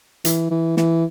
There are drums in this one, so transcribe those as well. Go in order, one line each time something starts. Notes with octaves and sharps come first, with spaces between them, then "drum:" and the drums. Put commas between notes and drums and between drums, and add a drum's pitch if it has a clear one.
E3, drum: hi-hat
E3
E3, drum: snare